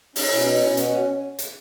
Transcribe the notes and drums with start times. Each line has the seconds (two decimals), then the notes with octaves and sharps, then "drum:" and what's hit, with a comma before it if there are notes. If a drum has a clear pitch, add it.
0.16 C#4 D#4, drum: open hi-hat
0.31 B2 E4
0.47 C#4 D#4
0.62 B2 E4
0.77 C#4 F#4, drum: hi-hat
1.39 drum: hi-hat